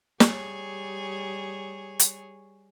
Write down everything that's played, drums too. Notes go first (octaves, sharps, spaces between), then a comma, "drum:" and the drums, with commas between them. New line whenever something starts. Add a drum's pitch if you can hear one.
G3 G#4 C#5, drum: snare
drum: hi-hat